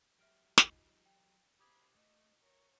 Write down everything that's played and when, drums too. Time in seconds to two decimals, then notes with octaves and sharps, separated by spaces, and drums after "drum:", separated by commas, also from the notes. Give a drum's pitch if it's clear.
0.19 F#3 G4 E5 F6 D7
0.58 D#4 F4 D#5, drum: snare
1.06 G5
1.60 G4 C5 B5 D6 D#6 G#6
1.96 A3 D#5
2.42 A#4 C#5